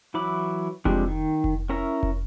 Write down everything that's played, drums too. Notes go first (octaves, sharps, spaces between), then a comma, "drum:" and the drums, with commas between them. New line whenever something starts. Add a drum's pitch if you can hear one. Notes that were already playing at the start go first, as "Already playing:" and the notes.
E3 F#3 E4 B5 D6
F3 G3 G#3 C4 D4, drum: kick F1
D#3
drum: kick F1
C#4 E4 A#4 E5 A#5
drum: kick F1